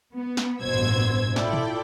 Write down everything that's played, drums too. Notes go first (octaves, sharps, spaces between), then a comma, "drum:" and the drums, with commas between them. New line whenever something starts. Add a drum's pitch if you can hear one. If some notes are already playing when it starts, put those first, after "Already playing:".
B3
drum: snare
A1 G2 B2 C5 E6 G#6
E4 F4 A4 D5 G5, drum: snare
drum: tom